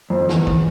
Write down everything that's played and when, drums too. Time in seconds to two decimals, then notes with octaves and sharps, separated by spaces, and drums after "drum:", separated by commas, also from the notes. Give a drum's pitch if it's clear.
0.10 F2
0.29 E2, drum: snare
0.47 drum: kick